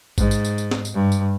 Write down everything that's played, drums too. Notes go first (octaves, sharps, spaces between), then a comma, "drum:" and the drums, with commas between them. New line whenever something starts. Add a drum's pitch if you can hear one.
G#2, drum: kick A1, tambourine
drum: tambourine
drum: tambourine
drum: tambourine
drum: snare
drum: tambourine
G2
drum: tambourine